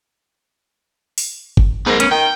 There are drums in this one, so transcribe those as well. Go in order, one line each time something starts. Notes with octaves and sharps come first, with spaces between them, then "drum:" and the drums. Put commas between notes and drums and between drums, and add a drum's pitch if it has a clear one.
drum: open hi-hat
drum: kick G1
G#2 B3 A#4
C#4, drum: hi-hat
D#3 G5